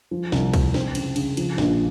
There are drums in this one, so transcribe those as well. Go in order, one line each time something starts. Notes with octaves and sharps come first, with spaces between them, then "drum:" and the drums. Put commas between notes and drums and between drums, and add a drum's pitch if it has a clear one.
F3
C2, drum: snare
C4, drum: kick, cymbal
C4, drum: snare
C#3, drum: cymbal
C#3, drum: cymbal
F3, drum: cymbal
A#1, drum: snare